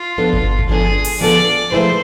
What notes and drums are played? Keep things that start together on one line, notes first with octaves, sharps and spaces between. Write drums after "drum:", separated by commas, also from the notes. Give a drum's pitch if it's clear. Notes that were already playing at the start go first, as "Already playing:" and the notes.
Already playing: F4
F3 B3 D4 A4
drum: kick G1
drum: kick G1
F3 B3 D4 G#4 A4
drum: open hi-hat
F3 B3 D4 A4 D5
F3 A3 E4 G#4 B4 C5